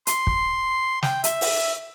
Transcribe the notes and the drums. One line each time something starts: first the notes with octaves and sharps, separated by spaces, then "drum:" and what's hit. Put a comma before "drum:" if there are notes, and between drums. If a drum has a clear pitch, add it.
C6, drum: hi-hat
drum: kick
G5, drum: snare
E5, drum: hi-hat
drum: open hi-hat